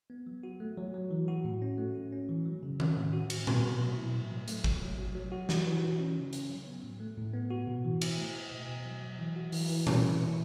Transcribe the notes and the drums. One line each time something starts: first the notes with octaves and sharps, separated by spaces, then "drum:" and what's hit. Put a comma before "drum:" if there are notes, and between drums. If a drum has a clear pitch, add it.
B3
F#3
F#4
A3
F#3
F#3
E3
F#4
A2
C#4
A3
F#4
C#4
E3
F#3
C#3
C#4, drum: tom D#3
A2
F#4
F#4, drum: cymbal
B3, drum: tom A#2
B2
F#3
E4
A2
F#3
A3, drum: hi-hat
F#3, drum: kick
F#3
F#3
F#3
F#4
E3, drum: snare
E3
E3
C#4
C#3
C#4, drum: hi-hat
F#3
B3
A2
A3
A2
B3
F#4
B2
E3
E4, drum: cymbal
A3
F#4
B2
B2
F#3
F#3
E3
F#4
E3, drum: open hi-hat
E3
C#4, drum: tom A#2
E3
E4